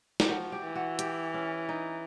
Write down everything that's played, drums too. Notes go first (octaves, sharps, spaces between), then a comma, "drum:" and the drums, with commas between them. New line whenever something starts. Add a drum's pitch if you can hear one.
G4, drum: snare
F3 F#4
G4
E3
F#4
G4, drum: hi-hat
C#4
D#4